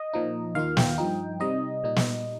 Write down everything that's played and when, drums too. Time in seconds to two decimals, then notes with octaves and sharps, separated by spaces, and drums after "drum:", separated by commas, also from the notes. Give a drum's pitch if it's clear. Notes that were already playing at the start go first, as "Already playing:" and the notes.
Already playing: D#5
0.13 A#2 F3 D#4
0.55 D#2 D#3 A#3 F4 F5
0.77 G5, drum: snare
0.98 G2 F3 D#4
1.40 C3 G3 C4 D#4 D#5
1.84 A#2 G3 D#4
1.96 drum: snare